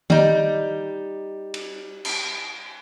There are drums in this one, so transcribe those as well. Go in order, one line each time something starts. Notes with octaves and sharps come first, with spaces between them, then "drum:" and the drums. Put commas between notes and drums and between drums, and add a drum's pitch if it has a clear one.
G3 D#4, drum: tom D#3
drum: cymbal
drum: cymbal